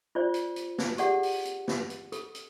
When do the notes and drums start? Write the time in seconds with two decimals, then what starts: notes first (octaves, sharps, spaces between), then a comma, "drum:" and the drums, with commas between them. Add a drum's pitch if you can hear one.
0.15 F4 C5 D5
0.34 drum: hi-hat
0.56 drum: hi-hat
0.78 drum: snare
0.98 G4 G#4 D5 F#5, drum: hi-hat
1.23 drum: open hi-hat
1.45 drum: hi-hat
1.68 drum: snare
1.90 drum: hi-hat
2.12 A4, drum: hi-hat
2.35 drum: hi-hat